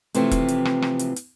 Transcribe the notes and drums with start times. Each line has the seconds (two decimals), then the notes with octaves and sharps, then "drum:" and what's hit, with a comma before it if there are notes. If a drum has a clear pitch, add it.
0.14 C3 E3 F3 A3 C4, drum: hi-hat
0.31 drum: kick E1, hi-hat
0.48 drum: hi-hat
0.65 drum: rim click
0.82 drum: rim click
0.99 drum: hi-hat
1.16 drum: hi-hat